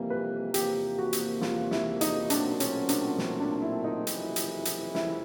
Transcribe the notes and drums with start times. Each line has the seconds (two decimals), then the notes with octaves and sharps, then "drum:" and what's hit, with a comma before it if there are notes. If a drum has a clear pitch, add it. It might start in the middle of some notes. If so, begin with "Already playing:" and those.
Already playing: F2 C3 E3 G3 A#3
0.10 B4
0.54 E2 C3 F3 A#3 G4, drum: hi-hat
0.98 F#4
1.13 drum: hi-hat
1.42 F4, drum: snare
1.71 E4, drum: snare
2.01 D#4, drum: hi-hat
2.30 B1 A#2 F#3 A3 C4 D4, drum: hi-hat
2.60 C#4, drum: hi-hat
2.89 D4, drum: hi-hat
3.18 drum: snare
3.40 D4
3.62 E4
3.84 D#4
4.07 F#1 F2 C3 E3, drum: hi-hat
4.36 drum: hi-hat
4.65 drum: hi-hat
4.95 E4, drum: snare